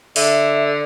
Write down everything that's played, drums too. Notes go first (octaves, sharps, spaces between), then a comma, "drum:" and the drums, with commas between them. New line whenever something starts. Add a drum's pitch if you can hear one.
D3 E5, drum: open hi-hat